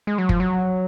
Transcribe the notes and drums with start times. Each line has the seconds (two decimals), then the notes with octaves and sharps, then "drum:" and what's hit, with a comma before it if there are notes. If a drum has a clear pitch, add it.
0.07 G#3
0.18 F#3
0.29 F3, drum: kick
0.40 F#3